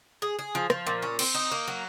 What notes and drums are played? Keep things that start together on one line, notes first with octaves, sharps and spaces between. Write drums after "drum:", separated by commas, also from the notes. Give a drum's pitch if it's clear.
G#4
G#4
F3
F3, drum: rim click
A#2
C#4
C4, drum: cymbal
D#4
A#3
F#3